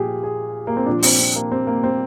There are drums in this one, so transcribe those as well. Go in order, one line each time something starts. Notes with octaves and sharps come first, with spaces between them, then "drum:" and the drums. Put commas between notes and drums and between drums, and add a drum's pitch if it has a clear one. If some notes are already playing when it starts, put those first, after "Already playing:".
Already playing: A#2 F3 G4 G#4
G#4
A#3
C4
A#2 F3 D4
C4, drum: open hi-hat
C4
A#3
C4
A#3
C4